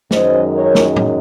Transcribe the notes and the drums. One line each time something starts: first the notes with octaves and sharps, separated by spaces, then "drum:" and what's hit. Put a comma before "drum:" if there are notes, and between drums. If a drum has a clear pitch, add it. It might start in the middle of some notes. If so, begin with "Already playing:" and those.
F#2 D#3 G#3 C#4 C5 D#5, drum: snare
A#4 C#5
drum: snare
drum: tom A2